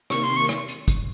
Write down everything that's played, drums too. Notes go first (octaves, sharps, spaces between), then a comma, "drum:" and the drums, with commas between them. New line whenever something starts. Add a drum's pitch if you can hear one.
C3 D#3 A#3 C#6, drum: rim click
C6
C#6
drum: rim click
drum: hi-hat
drum: kick, hi-hat